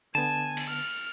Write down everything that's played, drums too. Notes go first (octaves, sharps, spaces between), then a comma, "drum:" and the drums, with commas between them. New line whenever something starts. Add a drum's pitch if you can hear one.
D3 B3 G#5 A5
drum: cymbal
F6